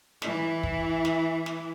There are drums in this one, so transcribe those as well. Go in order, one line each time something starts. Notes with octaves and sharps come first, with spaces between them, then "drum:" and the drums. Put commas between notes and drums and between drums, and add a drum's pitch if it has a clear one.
E3 E4, drum: snare
drum: kick
drum: snare
drum: snare